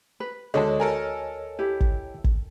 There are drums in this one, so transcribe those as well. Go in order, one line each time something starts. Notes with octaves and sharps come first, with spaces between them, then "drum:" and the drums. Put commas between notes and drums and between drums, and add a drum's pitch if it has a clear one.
B4
D2 D3 G#3 F#4 C#5 D#5 A5
A4 A#4 G#5
E4 G4
drum: kick
drum: kick